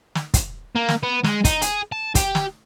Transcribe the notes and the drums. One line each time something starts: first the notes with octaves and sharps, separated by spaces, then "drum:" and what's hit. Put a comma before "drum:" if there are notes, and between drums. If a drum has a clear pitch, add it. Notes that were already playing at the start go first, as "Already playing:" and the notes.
drum: snare
drum: kick, hi-hat
A#3
drum: snare
B3
G#3, drum: snare
D#4, drum: kick, hi-hat
G#4, drum: hi-hat
A5
G4, drum: kick, hi-hat
drum: snare